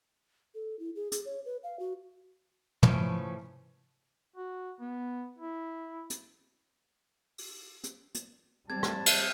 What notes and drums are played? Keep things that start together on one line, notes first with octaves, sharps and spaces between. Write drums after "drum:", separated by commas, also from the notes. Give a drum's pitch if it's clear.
A4
E4
G#4
G#4, drum: hi-hat
C#5
B4
F5
F#4
E3 F3 A3 C#4, drum: tom
F#4
B3
E4
drum: hi-hat
drum: open hi-hat
drum: hi-hat
drum: hi-hat
G3 C4 D5 A5 G#6
drum: rim click
drum: cymbal